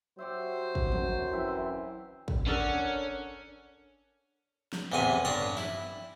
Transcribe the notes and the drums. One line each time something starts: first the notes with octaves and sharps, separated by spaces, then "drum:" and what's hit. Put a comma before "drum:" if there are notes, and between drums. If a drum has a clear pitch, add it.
F#3 G4 C5 C#5 E5
drum: kick
F#2, drum: tom
E3 C4 E5 G5
drum: kick
C#4 D4 A4 A#4 F#5
drum: snare
A1 E2 C3 B3 G#5
G2 D4 C#5 A#5
E4, drum: snare